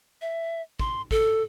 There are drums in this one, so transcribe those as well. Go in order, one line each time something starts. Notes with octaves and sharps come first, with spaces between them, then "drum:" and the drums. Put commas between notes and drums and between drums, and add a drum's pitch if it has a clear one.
E5
C6, drum: kick
A4, drum: kick